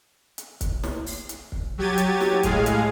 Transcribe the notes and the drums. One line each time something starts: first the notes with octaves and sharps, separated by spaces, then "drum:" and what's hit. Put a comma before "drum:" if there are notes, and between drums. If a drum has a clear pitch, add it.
drum: hi-hat
drum: kick, hi-hat
drum: snare
drum: open hi-hat
drum: hi-hat
drum: kick
F#3 G4 G#6 A6 D#7
drum: hi-hat
drum: snare
A2 G#3 G#4 F5, drum: kick, hi-hat
drum: hi-hat